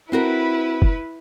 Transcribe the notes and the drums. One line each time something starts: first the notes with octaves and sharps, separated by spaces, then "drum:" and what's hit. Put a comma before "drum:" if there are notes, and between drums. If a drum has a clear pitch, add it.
C4 E4 F#4 A#4 B4
drum: kick F#1